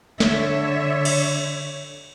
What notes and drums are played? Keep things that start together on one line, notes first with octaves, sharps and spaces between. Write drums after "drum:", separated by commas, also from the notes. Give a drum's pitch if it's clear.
D3 C#5 E5, drum: snare
drum: cymbal